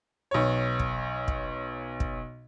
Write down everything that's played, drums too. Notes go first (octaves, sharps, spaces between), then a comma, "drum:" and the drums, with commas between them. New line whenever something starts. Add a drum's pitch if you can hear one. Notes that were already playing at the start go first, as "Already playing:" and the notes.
B1 C#5
drum: kick
drum: kick
drum: kick